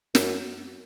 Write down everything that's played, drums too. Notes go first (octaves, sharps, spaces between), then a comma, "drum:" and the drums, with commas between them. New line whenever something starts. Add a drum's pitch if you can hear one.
F#2, drum: snare